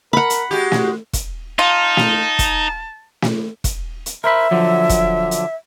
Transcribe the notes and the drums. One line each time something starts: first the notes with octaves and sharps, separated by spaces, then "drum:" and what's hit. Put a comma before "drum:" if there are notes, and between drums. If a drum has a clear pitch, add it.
A#4 F#5 B5
drum: hi-hat
G#3 F#4 G4
drum: snare
drum: kick F1, hi-hat
D#4 F4 A5
drum: snare
drum: kick F1, hi-hat
drum: snare
drum: kick F1, hi-hat
drum: hi-hat
A#4 C5 E5 B5
D3 F3 F#3
drum: kick F1, hi-hat
drum: hi-hat